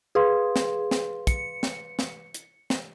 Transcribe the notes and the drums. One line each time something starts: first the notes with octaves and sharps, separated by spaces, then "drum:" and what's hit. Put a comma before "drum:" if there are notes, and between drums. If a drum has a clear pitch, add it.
G#4 B4 F5 C6
drum: snare
drum: snare
C#7, drum: kick, hi-hat
drum: snare
drum: snare
drum: hi-hat
drum: snare